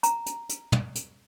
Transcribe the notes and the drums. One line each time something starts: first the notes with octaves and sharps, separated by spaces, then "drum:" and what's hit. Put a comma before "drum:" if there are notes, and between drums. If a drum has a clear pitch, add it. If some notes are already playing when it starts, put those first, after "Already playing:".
A#5, drum: hi-hat
drum: hi-hat
drum: hi-hat
drum: tom
drum: hi-hat